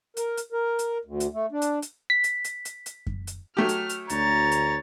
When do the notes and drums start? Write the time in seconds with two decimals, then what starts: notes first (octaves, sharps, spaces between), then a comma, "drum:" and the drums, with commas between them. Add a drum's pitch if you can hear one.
0.17 A#4, drum: hi-hat
0.37 drum: hi-hat
0.52 A#4
0.79 drum: hi-hat
1.05 D2
1.20 drum: hi-hat
1.33 A3
1.52 D4
1.62 drum: hi-hat
1.82 drum: hi-hat
2.10 B6
2.24 drum: hi-hat
2.44 drum: hi-hat
2.65 drum: hi-hat
2.86 drum: hi-hat
3.07 drum: kick F#2
3.27 drum: hi-hat
3.57 F#3 A3 G4 F6
3.69 drum: hi-hat
3.89 drum: hi-hat
4.09 D2 C#5 A#5 A6, drum: hi-hat
4.51 drum: hi-hat